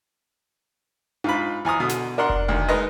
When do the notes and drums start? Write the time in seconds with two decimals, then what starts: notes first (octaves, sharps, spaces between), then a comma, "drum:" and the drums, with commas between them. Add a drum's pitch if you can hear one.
1.24 G#2 F4 B5, drum: tom D4
1.65 E2 G#5 A#5 D#6
1.80 B2 D3
1.89 drum: snare
2.18 D4 A#4 F#5 C6
2.30 drum: kick F1
2.48 D2 D#3
2.68 G#3 D#4 A#4 B4 D#5